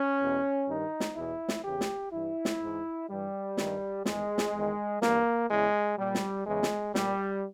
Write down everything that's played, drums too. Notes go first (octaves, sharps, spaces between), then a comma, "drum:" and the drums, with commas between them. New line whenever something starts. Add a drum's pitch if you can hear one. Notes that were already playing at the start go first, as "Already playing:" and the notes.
Already playing: C#4
E2 B2
G2 D#3 D#4
drum: snare
E2 B2 E4
drum: snare
E2 C#3 E3 G4
drum: snare
G2 E3 E4
drum: snare
G#2 E3
G2 E3 G3
G2 D#3, drum: snare
E2 D#3 G#3, drum: snare
drum: snare
E2 D#3
G2 E3 A#3, drum: snare
E2 C#3 E3 G#3
A#2 G3
drum: snare
E2 C#3 E3 G#3
drum: snare
A#2 G3, drum: snare